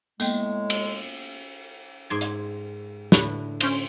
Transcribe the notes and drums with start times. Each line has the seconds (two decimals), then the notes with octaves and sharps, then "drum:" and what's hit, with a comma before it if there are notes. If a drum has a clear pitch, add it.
0.20 A2 G#3 A#3 B3 G5, drum: tambourine
0.70 drum: cymbal
2.10 G#2 D5 C6 G#6
2.21 drum: hi-hat
3.12 A2 D3 B4, drum: snare
3.61 C#4 C5, drum: cymbal